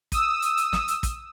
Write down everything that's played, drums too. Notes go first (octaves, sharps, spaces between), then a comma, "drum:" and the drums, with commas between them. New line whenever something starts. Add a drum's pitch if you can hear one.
D#6 E6, drum: kick, hi-hat
drum: hi-hat
drum: hi-hat
drum: snare
drum: hi-hat
drum: kick, hi-hat